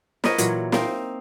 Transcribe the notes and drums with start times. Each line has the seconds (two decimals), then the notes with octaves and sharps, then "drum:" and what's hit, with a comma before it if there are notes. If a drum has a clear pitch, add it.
0.24 A#4 B4 C#5 D#5, drum: snare
0.38 A#2 E3 F#3, drum: hi-hat
0.72 A#3 C4 D#4, drum: snare